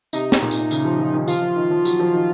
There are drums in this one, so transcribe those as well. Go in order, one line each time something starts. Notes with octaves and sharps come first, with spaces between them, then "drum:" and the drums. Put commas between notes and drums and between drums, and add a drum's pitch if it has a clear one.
C3 D#4, drum: tambourine
drum: snare
A#2
drum: tambourine
C#3, drum: tambourine
F3
F3
D#3
F3 F4, drum: tambourine
F3
D#3
F3
F#3, drum: tambourine
F3
D#3